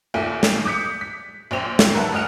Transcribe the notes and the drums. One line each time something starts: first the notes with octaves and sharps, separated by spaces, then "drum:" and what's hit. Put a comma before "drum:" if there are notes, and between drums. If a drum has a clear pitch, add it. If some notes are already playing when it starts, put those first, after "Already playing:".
A#1 D#2 A3 F4 G5
drum: snare
D6 D#6 G6 B6 C#7
B6
A#1 F#2 C5 G5 F7
drum: snare
A#4 B4 E5 F#5 A5
A1 D2 D#5 F#5 F6 F7